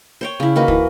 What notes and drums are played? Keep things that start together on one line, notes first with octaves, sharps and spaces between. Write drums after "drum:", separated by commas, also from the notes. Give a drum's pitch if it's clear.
C5 C#5 G5
C#3 E4
D#3 A#3 F#4 B4
E3, drum: kick